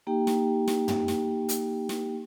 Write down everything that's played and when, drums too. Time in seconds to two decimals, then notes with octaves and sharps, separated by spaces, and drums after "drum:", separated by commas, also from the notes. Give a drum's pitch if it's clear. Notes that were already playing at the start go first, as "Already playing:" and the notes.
0.07 A#3 D#4 G4 G5
0.27 drum: snare
0.68 drum: snare
0.88 drum: tom
1.08 drum: snare
1.49 drum: hi-hat
1.89 drum: snare